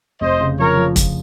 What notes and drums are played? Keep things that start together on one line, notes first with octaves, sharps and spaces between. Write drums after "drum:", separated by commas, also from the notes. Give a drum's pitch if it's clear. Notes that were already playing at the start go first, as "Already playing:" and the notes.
F1 C5 D#5
C#3
F3 A#4 C#5
F3
F3, drum: kick, hi-hat